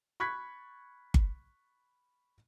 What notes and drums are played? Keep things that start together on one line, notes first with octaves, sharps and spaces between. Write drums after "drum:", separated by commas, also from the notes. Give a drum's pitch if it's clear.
B5 C#6 F#6 G#6 B6
drum: kick G1